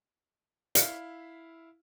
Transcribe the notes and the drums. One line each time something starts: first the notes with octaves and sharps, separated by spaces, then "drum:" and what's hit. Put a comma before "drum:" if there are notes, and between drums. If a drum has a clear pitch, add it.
E4 D5 E5 F5 C#7, drum: hi-hat